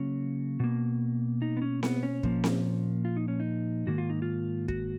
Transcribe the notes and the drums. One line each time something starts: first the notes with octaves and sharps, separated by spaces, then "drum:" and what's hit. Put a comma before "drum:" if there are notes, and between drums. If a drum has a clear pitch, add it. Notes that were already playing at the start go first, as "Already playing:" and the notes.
Already playing: C#3 F#3 A#3 C#4
B2 A#3
D#4
B3
C#4
B3, drum: snare C4
C#4
A#2 F3 A#3, drum: kick
drum: snare C4
F4
D#4
C#4
D#4
G#2 D#3 A#3 F#4
F4
D#4
F4
F#4, drum: kick